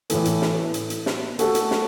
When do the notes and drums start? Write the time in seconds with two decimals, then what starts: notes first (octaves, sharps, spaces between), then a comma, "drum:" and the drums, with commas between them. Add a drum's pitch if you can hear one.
0.10 A2 E3 A3, drum: hi-hat
0.25 drum: hi-hat
0.42 drum: snare
0.74 drum: hi-hat
0.90 drum: hi-hat
1.06 drum: snare
1.39 A3 F#4 A4, drum: hi-hat
1.55 drum: hi-hat
1.71 drum: snare